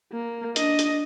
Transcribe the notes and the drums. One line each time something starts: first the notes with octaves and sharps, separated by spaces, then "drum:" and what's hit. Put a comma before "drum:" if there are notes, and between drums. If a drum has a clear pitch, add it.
A#3
D4 D#5, drum: hi-hat
drum: hi-hat